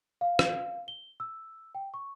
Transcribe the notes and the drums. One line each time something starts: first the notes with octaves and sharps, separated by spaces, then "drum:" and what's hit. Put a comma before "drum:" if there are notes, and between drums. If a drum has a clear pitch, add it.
F5
drum: rim click
G7
E6
G5
C#6